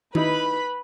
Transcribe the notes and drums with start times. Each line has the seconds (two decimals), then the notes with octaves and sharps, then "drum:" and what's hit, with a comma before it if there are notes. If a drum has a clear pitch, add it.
0.15 D#4 E4 B4 B5, drum: tom D#3